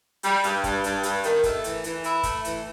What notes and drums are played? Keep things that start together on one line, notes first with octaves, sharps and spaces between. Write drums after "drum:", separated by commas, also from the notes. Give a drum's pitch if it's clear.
G3, drum: hi-hat
G2, drum: hi-hat
G2, drum: kick, hi-hat
G2, drum: hi-hat
G2, drum: hi-hat
D#3, drum: hi-hat
A3, drum: kick, hi-hat
E3, drum: hi-hat
E3, drum: hi-hat
E4, drum: hi-hat
A3, drum: kick, hi-hat
E3, drum: hi-hat